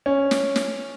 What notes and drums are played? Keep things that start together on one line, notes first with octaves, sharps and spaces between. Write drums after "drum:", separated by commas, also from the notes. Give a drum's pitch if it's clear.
C#4
drum: snare
drum: snare